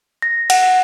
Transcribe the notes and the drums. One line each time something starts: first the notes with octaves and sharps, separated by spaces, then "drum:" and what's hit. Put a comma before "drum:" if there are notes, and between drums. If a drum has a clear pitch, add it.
A#6
F#5, drum: cymbal